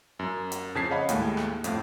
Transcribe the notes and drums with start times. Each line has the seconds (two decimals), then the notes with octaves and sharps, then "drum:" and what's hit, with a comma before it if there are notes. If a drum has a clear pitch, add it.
0.19 F#2
0.52 drum: hi-hat
0.75 F2 C#3 A5 G#6 B6 C7
0.90 C#5 D#5 F5 F#5 B5
1.09 D#2 A2 G#3, drum: hi-hat
1.37 drum: rim click
1.64 F2 A2 F5, drum: hi-hat